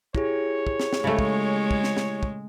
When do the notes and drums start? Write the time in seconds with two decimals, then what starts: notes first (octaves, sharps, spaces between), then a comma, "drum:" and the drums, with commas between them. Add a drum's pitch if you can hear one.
0.15 E4 G4 G#4 C#5, drum: kick
0.67 drum: kick
0.80 drum: snare
0.93 drum: snare
1.04 C#3 G#3 A3
1.19 drum: kick
1.71 drum: kick
1.84 drum: snare
1.97 drum: snare
2.23 drum: kick